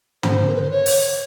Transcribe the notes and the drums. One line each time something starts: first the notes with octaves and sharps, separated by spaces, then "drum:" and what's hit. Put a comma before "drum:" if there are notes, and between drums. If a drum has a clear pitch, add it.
C5, drum: tom
A#4
B4
C5
C#5
drum: open hi-hat